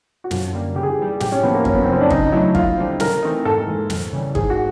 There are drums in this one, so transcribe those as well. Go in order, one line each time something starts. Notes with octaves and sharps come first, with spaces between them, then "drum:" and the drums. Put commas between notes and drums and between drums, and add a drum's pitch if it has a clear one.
F#4
F#2 F4, drum: snare
D3 G3 A#3
C#3 G4
G#4
G4
E3 G3
A2 G4, drum: snare
C#4
F3 A#3 B3
A#3
F#2 C#4, drum: kick G1
B3
C4
C#3 F3 C#4
D4
C#3 D#4, drum: kick G1
D#4
F#3 A3 D4 E4
D#2 F4, drum: kick G1
D3 G3 C4
C#3 A#4, drum: snare
E3 A3 C4 D#4
G#2 A4
E3 G#3
F2, drum: snare
C#3 E3 G3
G#2 G#4, drum: kick G1
F#4